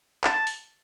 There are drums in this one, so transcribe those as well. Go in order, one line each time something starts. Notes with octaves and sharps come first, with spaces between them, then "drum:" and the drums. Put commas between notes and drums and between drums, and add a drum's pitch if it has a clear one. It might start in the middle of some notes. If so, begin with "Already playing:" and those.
A5, drum: clap
drum: open hi-hat